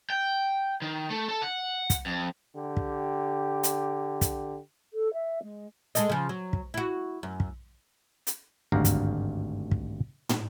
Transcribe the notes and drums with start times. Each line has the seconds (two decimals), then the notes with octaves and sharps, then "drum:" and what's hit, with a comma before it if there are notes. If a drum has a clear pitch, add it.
0.10 G5
0.82 D#3
1.11 A3
1.29 A4
1.42 F#5
1.90 drum: kick, hi-hat
2.06 F2
2.56 D3 G4
2.77 drum: kick
3.63 drum: hi-hat
4.21 drum: kick, hi-hat
4.93 A4
5.13 E5
5.43 G#3
5.95 G#3 A4 D#5, drum: hi-hat
6.09 C#3 F3
6.29 F#3
6.53 drum: kick
6.74 E4 F#4
7.23 F#2
7.40 drum: kick
8.27 drum: hi-hat
8.72 G#1 D2 G2 F5 A#5
8.85 drum: kick, hi-hat
9.71 drum: kick
10.29 drum: tom